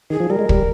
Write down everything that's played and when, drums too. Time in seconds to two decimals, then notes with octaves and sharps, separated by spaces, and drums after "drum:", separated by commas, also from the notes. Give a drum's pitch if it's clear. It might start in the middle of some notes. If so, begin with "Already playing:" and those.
0.10 D#3 G#4
0.20 F3
0.30 G3 A#4
0.39 G#3
0.49 G3, drum: kick